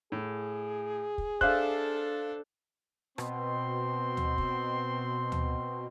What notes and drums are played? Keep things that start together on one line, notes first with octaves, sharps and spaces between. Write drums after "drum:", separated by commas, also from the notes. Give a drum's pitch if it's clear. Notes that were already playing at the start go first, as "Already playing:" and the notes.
A2 G#4
drum: kick
D4 A4 C5 D5 E5 F5 F#6, drum: kick
B2 C4 C6, drum: rim click
drum: tom D2
drum: kick
drum: tom D2